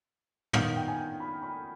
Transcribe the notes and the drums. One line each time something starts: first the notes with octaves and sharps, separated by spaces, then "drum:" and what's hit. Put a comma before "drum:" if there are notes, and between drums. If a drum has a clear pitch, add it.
D#3 B3 D#4 F5, drum: tom
G5
G#5
G5
B5
B5